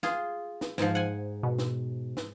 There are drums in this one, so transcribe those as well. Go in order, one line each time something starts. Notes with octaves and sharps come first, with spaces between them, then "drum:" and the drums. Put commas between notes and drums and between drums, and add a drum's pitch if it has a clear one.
F4 G#4, drum: snare
drum: snare
G#2 F3, drum: snare
F#5 G#5
B2
drum: snare
drum: snare